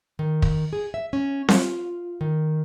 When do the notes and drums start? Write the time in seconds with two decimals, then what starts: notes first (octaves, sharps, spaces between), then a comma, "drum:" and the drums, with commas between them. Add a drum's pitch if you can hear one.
0.19 D#3
0.42 drum: kick
0.73 G#4
0.94 E5
1.13 C#4
1.49 F4, drum: snare C4
2.21 D#3